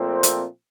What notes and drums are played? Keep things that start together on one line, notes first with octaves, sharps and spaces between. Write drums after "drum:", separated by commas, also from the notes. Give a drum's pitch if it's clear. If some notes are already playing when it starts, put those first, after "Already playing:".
Already playing: A#2 F3 A3 C4
drum: hi-hat